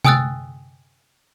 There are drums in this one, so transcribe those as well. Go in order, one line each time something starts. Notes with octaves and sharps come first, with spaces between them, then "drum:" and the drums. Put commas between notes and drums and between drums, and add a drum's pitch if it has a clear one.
G5 G#5 D#6 E6 F#6 A6, drum: tom C3